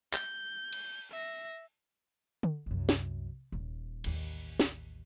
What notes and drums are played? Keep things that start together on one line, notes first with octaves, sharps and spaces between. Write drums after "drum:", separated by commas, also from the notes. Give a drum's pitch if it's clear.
G6, drum: clap
drum: cymbal
E5 A#6
drum: tom D3
C2 F#2
drum: snare
D#1
A1 D#2, drum: cymbal
drum: snare